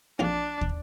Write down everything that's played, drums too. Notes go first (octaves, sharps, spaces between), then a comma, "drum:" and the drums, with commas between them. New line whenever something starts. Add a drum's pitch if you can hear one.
A#1 F2 D4 F4
drum: kick